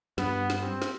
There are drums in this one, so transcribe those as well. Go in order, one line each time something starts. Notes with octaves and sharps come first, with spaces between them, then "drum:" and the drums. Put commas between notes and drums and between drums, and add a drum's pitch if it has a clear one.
G2 B3, drum: snare
drum: snare
C4
drum: snare